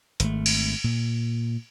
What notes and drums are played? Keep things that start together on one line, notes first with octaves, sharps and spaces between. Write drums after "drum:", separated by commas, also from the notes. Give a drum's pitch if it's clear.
G#1 A3, drum: hi-hat
drum: cymbal
A#2